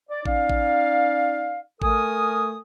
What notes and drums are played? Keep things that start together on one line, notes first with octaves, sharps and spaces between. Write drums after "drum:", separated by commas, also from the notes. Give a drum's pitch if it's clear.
D5
C#4 D#4 D5 F5, drum: kick A1
drum: kick A1
A3 A4 A#4 G#5 D#6, drum: kick A1